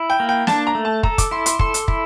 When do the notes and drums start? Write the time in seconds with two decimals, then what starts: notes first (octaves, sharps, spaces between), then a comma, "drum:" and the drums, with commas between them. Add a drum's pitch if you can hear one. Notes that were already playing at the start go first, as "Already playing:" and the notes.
Already playing: E4
0.10 G5
0.20 A#3
0.29 G5
0.47 D4 A5, drum: snare
0.67 A#5
0.75 A3
0.85 A5
1.03 A4 A#5, drum: kick
1.18 D6, drum: kick, hi-hat
1.31 E4 C6
1.46 C6, drum: hi-hat
1.59 A4 C6, drum: kick
1.74 drum: hi-hat
1.88 E4, drum: kick